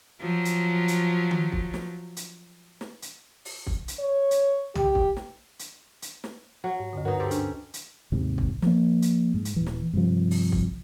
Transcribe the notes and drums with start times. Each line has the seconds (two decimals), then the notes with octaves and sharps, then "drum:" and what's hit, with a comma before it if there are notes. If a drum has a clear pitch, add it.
0.21 F3 F#3
0.45 drum: hi-hat
0.88 drum: hi-hat
1.31 drum: tom D#3
1.52 drum: kick
1.74 drum: snare
2.17 drum: hi-hat
2.81 drum: snare
3.02 drum: hi-hat
3.45 drum: open hi-hat
3.67 drum: kick
3.88 drum: hi-hat
3.99 C#5
4.31 drum: hi-hat
4.75 G4, drum: tom
4.95 drum: kick
5.17 drum: snare
5.59 drum: hi-hat
6.02 drum: hi-hat
6.24 drum: snare
6.64 F#3
6.80 G#2
6.93 D2 G2 D3
7.05 F#3 D#4 A#4 B4
7.20 C4 G4 A4
7.31 C#4 D4, drum: hi-hat
7.74 drum: hi-hat
8.12 D#2 G#2 C3
8.38 drum: kick
8.62 F3 A#3, drum: snare
9.02 drum: hi-hat
9.34 G#2
9.45 drum: hi-hat
9.56 D#1 E3
9.66 drum: snare
9.93 G2 C3 F3
10.31 drum: open hi-hat
10.52 drum: kick